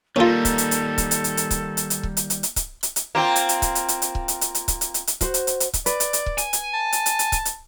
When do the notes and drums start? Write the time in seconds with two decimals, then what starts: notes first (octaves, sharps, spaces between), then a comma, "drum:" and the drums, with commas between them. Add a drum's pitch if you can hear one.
0.16 D#3 G3 A#3 C#4 F4 A4
0.45 drum: kick C#1, hi-hat
0.58 drum: hi-hat
0.71 drum: hi-hat
0.98 drum: kick C#1, hi-hat
1.11 drum: hi-hat
1.24 drum: hi-hat
1.37 drum: hi-hat
1.51 drum: kick C#1, hi-hat
1.77 drum: hi-hat
1.90 drum: hi-hat
2.03 drum: kick C#1
2.17 drum: hi-hat
2.30 drum: hi-hat
2.43 drum: hi-hat
2.56 drum: kick C#1, hi-hat
2.83 drum: hi-hat
2.96 drum: hi-hat
3.15 A#3 C4 F4
3.36 drum: hi-hat
3.49 drum: hi-hat
3.62 drum: kick C#1, hi-hat
3.75 drum: hi-hat
3.88 drum: hi-hat
4.02 drum: hi-hat
4.15 drum: kick C#1
4.28 drum: hi-hat
4.41 drum: hi-hat
4.55 drum: hi-hat
4.68 drum: kick C#1, hi-hat
4.81 drum: hi-hat
4.94 drum: hi-hat
5.07 drum: hi-hat
5.21 F#4 C5, drum: kick C#1, hi-hat
5.34 drum: hi-hat
5.47 drum: hi-hat
5.60 drum: hi-hat
5.74 drum: kick C#1, hi-hat
5.86 B4 D5, drum: hi-hat
6.00 drum: hi-hat
6.13 drum: hi-hat
6.26 drum: kick C#1
6.38 G#5, drum: hi-hat
6.53 drum: hi-hat
6.74 A5
6.92 drum: hi-hat
7.06 drum: hi-hat
7.19 drum: hi-hat
7.32 drum: kick C#1, hi-hat
7.45 drum: hi-hat